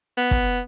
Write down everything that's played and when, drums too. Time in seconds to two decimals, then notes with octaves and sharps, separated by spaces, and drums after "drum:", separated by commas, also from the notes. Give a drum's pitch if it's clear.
0.17 B3
0.31 drum: kick